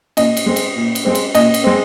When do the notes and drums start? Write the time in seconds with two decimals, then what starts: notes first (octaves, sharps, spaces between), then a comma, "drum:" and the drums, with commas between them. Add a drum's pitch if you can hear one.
0.17 A#2 D#5, drum: cymbal
0.37 drum: cymbal
0.46 G#3 C4
0.56 drum: cymbal
0.76 A#2
0.95 drum: cymbal
1.05 G#3 C4
1.15 drum: cymbal
1.35 A#2 D#5, drum: cymbal
1.54 drum: cymbal
1.64 G#3 C4